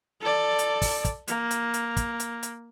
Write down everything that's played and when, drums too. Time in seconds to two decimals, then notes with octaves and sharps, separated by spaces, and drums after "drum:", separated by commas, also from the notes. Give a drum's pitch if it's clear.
0.21 A4 D5
0.59 drum: hi-hat
0.82 drum: kick, open hi-hat
1.05 drum: kick, hi-hat
1.28 A#3, drum: hi-hat
1.51 drum: hi-hat
1.74 drum: hi-hat
1.97 drum: kick, hi-hat
2.20 drum: hi-hat
2.43 drum: hi-hat